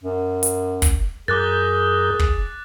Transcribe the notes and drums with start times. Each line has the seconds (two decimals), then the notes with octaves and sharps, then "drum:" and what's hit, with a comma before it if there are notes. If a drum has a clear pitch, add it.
0.03 F#2
0.43 drum: hi-hat
0.82 drum: kick, hi-hat
1.28 F#2 G#4 A#4 D6 F#6 G6 A6
2.19 drum: kick